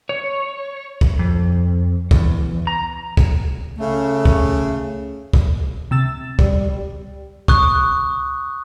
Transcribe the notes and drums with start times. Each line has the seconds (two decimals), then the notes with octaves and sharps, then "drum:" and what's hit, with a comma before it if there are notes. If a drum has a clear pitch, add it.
0.09 C#5
1.01 drum: kick
1.19 F2
2.11 E2, drum: kick
2.67 A#5
3.17 drum: kick
3.78 C#3 A3
4.25 drum: kick
5.33 drum: kick
5.91 C3 E6 A6
6.39 G3, drum: kick
7.48 C#6 D#6 F#6, drum: kick